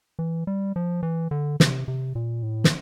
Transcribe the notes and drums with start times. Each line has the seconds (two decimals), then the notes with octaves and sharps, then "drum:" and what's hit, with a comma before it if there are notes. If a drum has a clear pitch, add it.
0.19 E3
0.47 G3
0.76 F3
1.03 E3
1.31 D3
1.60 C3, drum: snare
1.88 C3
2.15 A#2
2.43 A2
2.64 drum: snare